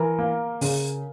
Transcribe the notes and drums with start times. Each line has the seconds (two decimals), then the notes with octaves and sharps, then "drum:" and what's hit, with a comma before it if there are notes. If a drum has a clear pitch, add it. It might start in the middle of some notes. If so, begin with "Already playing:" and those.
Already playing: E3 A#4
0.19 A#3
0.61 C#3, drum: open hi-hat